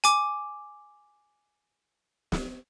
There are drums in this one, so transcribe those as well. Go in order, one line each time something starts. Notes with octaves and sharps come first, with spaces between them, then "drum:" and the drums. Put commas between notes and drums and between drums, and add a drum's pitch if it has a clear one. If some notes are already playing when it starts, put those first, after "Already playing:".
G#5 D6, drum: hi-hat
drum: snare